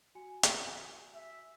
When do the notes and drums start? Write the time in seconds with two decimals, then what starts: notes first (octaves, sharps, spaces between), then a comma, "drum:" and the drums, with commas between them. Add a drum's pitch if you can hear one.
0.15 F#4 G#5 C#7
0.43 drum: hi-hat
1.14 E5